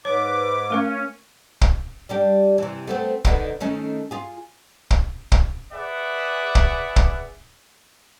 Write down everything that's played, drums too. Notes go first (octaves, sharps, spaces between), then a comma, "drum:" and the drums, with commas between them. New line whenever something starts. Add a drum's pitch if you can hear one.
G#2 B4 C#5 D6
A3 C#4 A#4 F5
drum: kick
G3 D4 G4
C3 E3
A3 B3 C4
D3 D#3 B3, drum: kick
D#3 A3 C#4
F4 G#4
drum: kick
drum: kick
G#4 B4 D5 E5 F#5
drum: kick
drum: kick